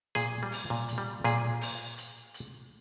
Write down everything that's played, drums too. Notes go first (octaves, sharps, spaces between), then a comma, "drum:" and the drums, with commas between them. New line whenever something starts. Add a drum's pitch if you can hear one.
A#2 G#4, drum: hi-hat
G3
drum: open hi-hat
A#2
drum: hi-hat
G3
A#2 G#4, drum: hi-hat
drum: open hi-hat
drum: hi-hat
drum: hi-hat